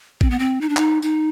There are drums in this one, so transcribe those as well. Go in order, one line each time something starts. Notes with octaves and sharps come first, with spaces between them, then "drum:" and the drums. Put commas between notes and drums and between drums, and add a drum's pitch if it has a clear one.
C4, drum: kick A1
B3
C4
D#4
D4
D#4, drum: clap
D#4, drum: tambourine